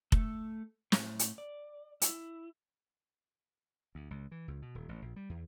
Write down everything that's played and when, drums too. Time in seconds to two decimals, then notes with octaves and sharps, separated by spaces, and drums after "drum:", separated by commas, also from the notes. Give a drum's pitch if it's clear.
0.12 A3 A4, drum: kick F1
0.92 A2, drum: snare
1.19 drum: hi-hat
1.38 D5
2.02 E4, drum: hi-hat
3.95 D2
4.11 C#2
4.31 E3
4.48 C#2
4.62 B2
4.75 D#1
4.89 A1
5.02 A#1
5.16 G3
5.29 E2